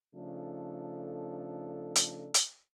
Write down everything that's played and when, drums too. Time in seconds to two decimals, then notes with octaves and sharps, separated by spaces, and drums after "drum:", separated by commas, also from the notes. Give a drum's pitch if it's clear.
0.15 C#3 F3 A3 D4 D#4 A4
1.95 drum: hi-hat
2.34 drum: hi-hat